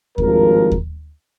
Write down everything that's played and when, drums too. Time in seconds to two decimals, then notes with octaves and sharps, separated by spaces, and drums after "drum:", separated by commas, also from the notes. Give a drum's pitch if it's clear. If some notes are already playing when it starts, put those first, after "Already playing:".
0.18 G#1 G2 F3 A#4, drum: kick D#2
0.72 drum: kick D#2